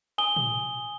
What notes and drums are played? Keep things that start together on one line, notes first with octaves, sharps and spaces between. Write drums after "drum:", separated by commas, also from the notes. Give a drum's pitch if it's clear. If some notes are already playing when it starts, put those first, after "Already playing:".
G#5 D#6 G7
drum: tom